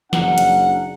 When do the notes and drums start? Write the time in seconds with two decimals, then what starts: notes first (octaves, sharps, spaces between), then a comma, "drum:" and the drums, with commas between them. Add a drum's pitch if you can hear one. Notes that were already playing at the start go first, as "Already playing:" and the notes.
0.13 F#1 D4 A#4 F#5, drum: snare
0.38 drum: hi-hat